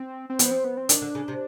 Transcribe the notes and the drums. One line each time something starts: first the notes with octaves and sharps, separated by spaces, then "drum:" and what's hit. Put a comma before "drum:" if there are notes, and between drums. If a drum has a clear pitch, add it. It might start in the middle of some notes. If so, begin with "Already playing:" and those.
Already playing: C4
C4
F3 B3, drum: hi-hat
C4
B3
C4
D#3 D4, drum: hi-hat
D3
C#3
C3